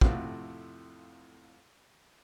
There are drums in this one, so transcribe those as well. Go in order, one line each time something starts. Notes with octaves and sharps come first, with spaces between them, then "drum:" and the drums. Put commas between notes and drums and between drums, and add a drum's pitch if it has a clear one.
F2 A2 C3 A3 F4 F#4, drum: kick